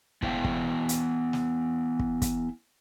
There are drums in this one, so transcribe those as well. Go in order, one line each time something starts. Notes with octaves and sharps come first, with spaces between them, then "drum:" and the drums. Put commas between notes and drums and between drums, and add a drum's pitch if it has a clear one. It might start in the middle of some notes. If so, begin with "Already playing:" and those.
B3 E4 C5 E5 F5 G5, drum: kick
drum: kick
drum: hi-hat
drum: snare
drum: kick
drum: kick, hi-hat